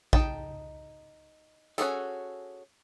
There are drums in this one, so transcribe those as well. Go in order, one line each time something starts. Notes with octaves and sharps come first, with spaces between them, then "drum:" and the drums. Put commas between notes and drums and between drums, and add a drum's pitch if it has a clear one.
D#4 G5 A5, drum: kick A#1
C#4 F#4 G#4 A4, drum: hi-hat